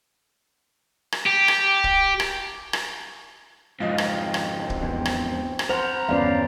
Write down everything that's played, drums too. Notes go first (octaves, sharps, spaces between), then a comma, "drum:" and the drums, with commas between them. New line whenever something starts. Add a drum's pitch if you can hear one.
drum: rim click
G4
drum: rim click
drum: kick
drum: rim click
drum: rim click
F2 G#2 C4 F4 D#5
drum: rim click
drum: rim click
drum: kick
E2
drum: rim click
drum: rim click
C5 F#5 A5 A#5 F6 F7
G1 E2 C#4 B4 D5 F5